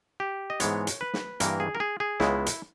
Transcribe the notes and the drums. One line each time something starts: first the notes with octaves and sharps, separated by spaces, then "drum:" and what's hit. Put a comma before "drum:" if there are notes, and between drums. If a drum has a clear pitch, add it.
G4
D#5
G#2 E3 G#3 B3 C#5, drum: hi-hat
drum: hi-hat
B4
drum: snare
G2 E3 A#3 A#4, drum: hi-hat
G#4
A#4
G#4
G#4
C#2 C#3 G#3 B3 E4, drum: snare
drum: hi-hat